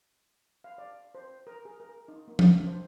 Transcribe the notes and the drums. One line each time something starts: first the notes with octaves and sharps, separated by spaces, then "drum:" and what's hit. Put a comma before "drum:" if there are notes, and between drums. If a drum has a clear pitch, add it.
F5
D5
C5
A#4
G#4
A#4
D#4
A#3
drum: tom F3
D4
C5